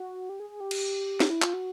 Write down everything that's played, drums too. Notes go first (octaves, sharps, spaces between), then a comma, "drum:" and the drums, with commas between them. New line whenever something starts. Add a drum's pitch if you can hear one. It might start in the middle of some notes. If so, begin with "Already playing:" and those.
Already playing: F#4
G4
G#4
G#4
G4
drum: cymbal
drum: snare
E4
F4, drum: clap
F#4